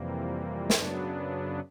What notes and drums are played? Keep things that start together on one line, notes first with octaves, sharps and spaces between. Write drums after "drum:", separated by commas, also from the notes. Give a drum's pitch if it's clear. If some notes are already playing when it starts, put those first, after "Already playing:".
Already playing: F2 C3 E3 G3 A#3
F#2 C#3 F#3 B3 D4, drum: snare